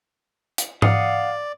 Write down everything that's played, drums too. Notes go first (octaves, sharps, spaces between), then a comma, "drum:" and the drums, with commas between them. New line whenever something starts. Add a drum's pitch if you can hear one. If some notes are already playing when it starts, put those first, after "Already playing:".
drum: hi-hat
D5 F5 F#5 D#6, drum: tom G#2